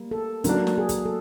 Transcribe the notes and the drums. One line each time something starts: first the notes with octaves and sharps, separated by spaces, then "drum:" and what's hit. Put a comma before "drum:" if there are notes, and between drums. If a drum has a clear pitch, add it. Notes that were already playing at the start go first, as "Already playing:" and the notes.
Already playing: G3 A#3
A4
D3 F#3 A#3 D4 A#4, drum: kick, hi-hat
drum: snare
G#4
drum: kick, hi-hat
A4